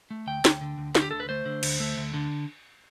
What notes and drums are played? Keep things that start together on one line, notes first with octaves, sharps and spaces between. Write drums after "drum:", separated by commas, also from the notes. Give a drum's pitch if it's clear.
A3
D2 G5
D2, drum: snare
D3
D2
D3, drum: snare
G4
D2 A4
B4
A3 C5
D3
D2, drum: cymbal
A3
D2
D3